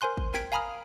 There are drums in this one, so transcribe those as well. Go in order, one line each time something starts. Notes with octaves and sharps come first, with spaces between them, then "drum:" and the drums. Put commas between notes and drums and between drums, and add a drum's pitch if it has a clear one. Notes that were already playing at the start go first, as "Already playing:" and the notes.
A#4 C5 G#5 C6 F#6
drum: kick
A#4 G5 G#6 B6 D7, drum: snare
F5 G#5 A#5 B5 D#6 F6